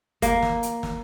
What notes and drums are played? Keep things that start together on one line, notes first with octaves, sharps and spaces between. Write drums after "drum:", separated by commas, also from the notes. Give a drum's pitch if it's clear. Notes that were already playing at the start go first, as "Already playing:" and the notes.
A#3, drum: kick, hi-hat
drum: snare
drum: hi-hat
drum: snare